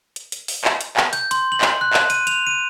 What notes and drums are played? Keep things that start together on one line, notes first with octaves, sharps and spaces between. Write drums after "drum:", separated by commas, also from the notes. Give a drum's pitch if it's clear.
drum: hi-hat
drum: hi-hat
drum: open hi-hat
drum: clap
drum: hi-hat
drum: clap
G6, drum: hi-hat
C6, drum: hi-hat
F#7
drum: clap
F#6
drum: clap
D#7, drum: hi-hat
F7, drum: hi-hat
D#7